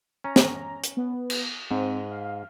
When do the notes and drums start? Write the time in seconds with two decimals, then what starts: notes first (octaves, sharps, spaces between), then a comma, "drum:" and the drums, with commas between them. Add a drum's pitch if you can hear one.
0.24 C#4 A#5
0.36 drum: snare
0.84 drum: hi-hat
0.97 B3
1.30 drum: cymbal
1.71 G#2 C4
2.11 F5